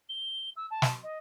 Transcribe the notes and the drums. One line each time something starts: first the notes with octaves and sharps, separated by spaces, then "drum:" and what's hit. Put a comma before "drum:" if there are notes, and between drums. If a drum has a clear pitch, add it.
G7
E6
A5
drum: snare
D#5